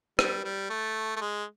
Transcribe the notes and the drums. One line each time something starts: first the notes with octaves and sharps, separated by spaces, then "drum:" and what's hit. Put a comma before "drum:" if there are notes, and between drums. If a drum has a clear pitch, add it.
G3, drum: rim click
G3
A3
A3
G#3